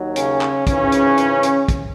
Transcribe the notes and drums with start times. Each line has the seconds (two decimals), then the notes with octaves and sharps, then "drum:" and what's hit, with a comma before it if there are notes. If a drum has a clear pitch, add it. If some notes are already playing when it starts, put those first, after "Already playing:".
Already playing: D#2 D#3 F#3
0.16 C#3 C#4, drum: hi-hat
0.41 drum: clap
0.67 G#1 G#2 C#3 E3 C#4, drum: kick, hi-hat
0.92 drum: hi-hat
1.18 drum: hi-hat
1.43 drum: hi-hat
1.68 drum: kick, hi-hat